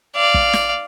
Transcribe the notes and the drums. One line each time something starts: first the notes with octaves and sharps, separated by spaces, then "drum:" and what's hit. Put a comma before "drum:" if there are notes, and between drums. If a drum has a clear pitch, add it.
D5 F5
drum: kick
drum: snare